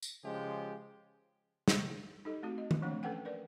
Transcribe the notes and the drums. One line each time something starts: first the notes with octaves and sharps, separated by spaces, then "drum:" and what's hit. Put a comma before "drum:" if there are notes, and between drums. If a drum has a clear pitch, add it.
drum: tambourine
C#3 F3 G#3 G4
drum: snare
D#4 G4 A4 D#5
A3 C4 F#4
D#5
drum: tom D#3
E3 F3 A3 A#3 C4 D4
C#4 A4 B4 F#5 G5
A#4 B4 D5